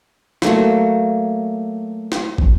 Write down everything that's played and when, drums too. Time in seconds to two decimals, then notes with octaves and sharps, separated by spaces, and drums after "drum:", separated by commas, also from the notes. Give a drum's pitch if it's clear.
0.42 F#3 A3 A#3, drum: snare
2.12 drum: snare
2.38 drum: kick